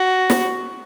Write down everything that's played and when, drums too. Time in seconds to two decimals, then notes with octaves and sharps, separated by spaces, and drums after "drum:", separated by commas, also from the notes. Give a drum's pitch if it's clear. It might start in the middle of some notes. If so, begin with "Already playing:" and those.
Already playing: F#4
0.30 drum: snare